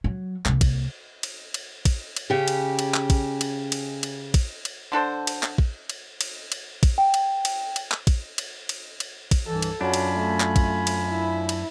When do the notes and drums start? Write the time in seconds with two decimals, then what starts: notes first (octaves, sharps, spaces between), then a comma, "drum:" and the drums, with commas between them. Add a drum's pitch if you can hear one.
0.04 F#3
0.46 C2 A#3, drum: clap
0.61 drum: kick, cymbal
1.23 drum: cymbal
1.54 drum: cymbal
1.85 drum: kick, cymbal
2.16 drum: cymbal
2.30 C#3 G4
2.48 drum: cymbal
2.79 drum: cymbal
2.94 drum: clap
3.10 drum: kick, cymbal
3.41 drum: cymbal
3.72 drum: cymbal
4.03 drum: cymbal
4.34 drum: kick, cymbal
4.65 drum: cymbal
4.92 D3 D4 A4 C5
5.27 drum: cymbal
5.43 drum: clap
5.58 drum: kick
5.89 drum: cymbal
6.21 drum: cymbal
6.52 drum: cymbal
6.83 drum: kick, cymbal
6.98 G5
7.14 drum: cymbal
7.45 drum: cymbal
7.76 drum: cymbal
7.92 drum: clap
8.07 drum: kick, cymbal
8.38 drum: cymbal
8.69 drum: cymbal
9.00 drum: cymbal
9.31 drum: kick, cymbal
9.47 C2 G2 E3 A4
9.62 drum: cymbal
9.81 F#2 F#3 D4 F4 G#5 B5
9.94 drum: cymbal
10.19 A3
10.40 drum: clap
10.56 drum: kick, cymbal
10.87 drum: cymbal
11.09 E4
11.49 drum: cymbal